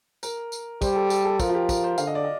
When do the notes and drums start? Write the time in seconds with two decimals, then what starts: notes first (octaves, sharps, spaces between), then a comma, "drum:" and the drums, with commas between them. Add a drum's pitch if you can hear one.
0.23 A#4, drum: tambourine
0.52 drum: tambourine
0.82 G3 C5, drum: kick, tambourine
0.96 A4
1.10 A4, drum: tambourine
1.25 A4
1.40 F3 A#4, drum: kick, tambourine
1.50 F4
1.55 G4
1.69 A#4, drum: kick, tambourine
1.84 C5
1.98 D3 F5, drum: tambourine
2.07 D#5
2.15 D5
2.24 D#5